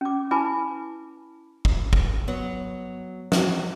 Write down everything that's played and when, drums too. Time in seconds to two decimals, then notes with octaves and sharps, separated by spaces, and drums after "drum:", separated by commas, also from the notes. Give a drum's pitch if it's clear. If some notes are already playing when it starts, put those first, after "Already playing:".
0.01 C#4 D6
0.31 E4 B4 G#5 A5 B5 D6
1.65 drum: kick
1.93 drum: kick
2.28 F#3 B3
3.32 C4 F#4 D#5, drum: snare